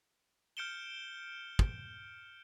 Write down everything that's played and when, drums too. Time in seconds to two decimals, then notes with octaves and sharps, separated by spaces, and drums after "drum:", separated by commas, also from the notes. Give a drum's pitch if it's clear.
0.57 F6 G6 C#7 D7 E7 G7
1.59 drum: kick